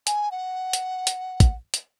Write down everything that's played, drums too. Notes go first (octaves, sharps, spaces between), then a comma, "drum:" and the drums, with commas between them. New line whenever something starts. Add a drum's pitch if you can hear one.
G#5, drum: hi-hat
F#5
drum: hi-hat
drum: hi-hat
drum: kick, hi-hat
drum: hi-hat